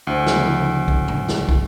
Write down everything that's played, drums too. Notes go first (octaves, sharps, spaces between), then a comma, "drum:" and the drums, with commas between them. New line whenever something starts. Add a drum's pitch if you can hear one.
D2 E4 C5 G#5
C#3 F3 B3, drum: snare
drum: kick
drum: tom A2
drum: snare
drum: kick